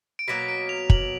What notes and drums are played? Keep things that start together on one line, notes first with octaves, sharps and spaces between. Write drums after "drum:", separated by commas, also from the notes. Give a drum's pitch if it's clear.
D7
B2 F#3 A#3 B6
D7
F7
F#7, drum: kick